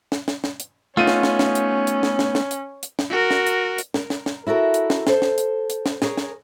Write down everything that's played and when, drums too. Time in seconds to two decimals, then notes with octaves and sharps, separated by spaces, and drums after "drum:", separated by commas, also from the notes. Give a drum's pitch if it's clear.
0.12 drum: snare
0.28 drum: snare
0.44 drum: snare
0.60 drum: hi-hat
0.97 A3 B3 C#4 D#4 F4 D#7
1.07 drum: snare
1.23 drum: snare
1.39 drum: snare
1.55 drum: hi-hat
1.87 drum: hi-hat
2.03 drum: snare
2.19 drum: snare
2.35 drum: snare
2.51 drum: hi-hat
2.83 drum: hi-hat
2.99 drum: snare
3.10 F#4 A#4
3.31 drum: snare
3.47 drum: hi-hat
3.78 drum: hi-hat
3.94 A#4, drum: snare
4.10 drum: snare
4.26 drum: snare
4.47 E4 F#4 A4 A#4
4.74 drum: hi-hat
4.90 drum: snare
5.07 A4 C5, drum: snare
5.22 drum: snare
5.38 drum: hi-hat
5.70 drum: hi-hat
5.86 drum: snare
6.02 G#4 A#4 C#5, drum: snare
6.17 drum: snare